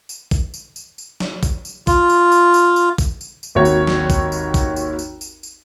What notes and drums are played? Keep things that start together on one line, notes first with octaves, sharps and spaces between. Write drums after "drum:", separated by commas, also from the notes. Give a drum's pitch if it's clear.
drum: tambourine
drum: kick A#1, tambourine
drum: tambourine
drum: tambourine
drum: tambourine
drum: snare
drum: kick A#1, tambourine
drum: tambourine
F4, drum: kick A#1, tambourine
drum: tambourine
drum: tambourine
drum: tambourine
drum: tambourine
drum: kick A#1, tambourine
drum: tambourine
drum: tambourine
G#1 D#2 F#4 C#5
drum: tambourine
drum: snare
drum: kick A#1, tambourine
drum: tambourine
drum: kick A#1, tambourine
drum: tambourine
drum: tambourine
drum: tambourine
drum: tambourine